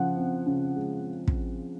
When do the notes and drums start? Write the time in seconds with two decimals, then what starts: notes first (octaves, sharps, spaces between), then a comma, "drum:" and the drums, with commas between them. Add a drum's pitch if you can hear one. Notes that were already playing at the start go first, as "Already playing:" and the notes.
Already playing: C#3 F3 F#5
0.17 C4
0.46 C#3
0.76 G#3
1.28 drum: kick